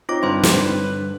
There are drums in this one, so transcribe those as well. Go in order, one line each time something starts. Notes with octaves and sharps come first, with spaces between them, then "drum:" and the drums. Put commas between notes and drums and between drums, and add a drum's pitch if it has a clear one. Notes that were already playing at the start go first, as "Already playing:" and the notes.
C4 D#4 F4 C#5 D6
G2 D3 B4 C5 C6
drum: snare